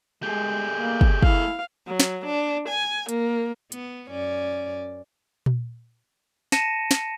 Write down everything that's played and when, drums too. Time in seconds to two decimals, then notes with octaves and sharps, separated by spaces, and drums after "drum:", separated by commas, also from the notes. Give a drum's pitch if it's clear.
0.23 G#3 A3 G4 G#4
0.73 A#3
1.01 drum: kick
1.23 E4 F5, drum: kick
1.87 F#3
2.00 drum: snare
2.25 D4
2.66 G#5
3.09 A#3, drum: hi-hat
3.72 B3, drum: hi-hat
4.10 F#2 C#4 D5
5.46 drum: tom A#2
6.52 A5 A#6 C#7 D#7 E7, drum: snare
6.91 drum: snare